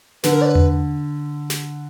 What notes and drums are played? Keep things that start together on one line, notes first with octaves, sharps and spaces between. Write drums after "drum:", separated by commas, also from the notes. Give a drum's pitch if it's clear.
D3 B4, drum: snare
A#4
D5
B4
drum: tom E2
drum: snare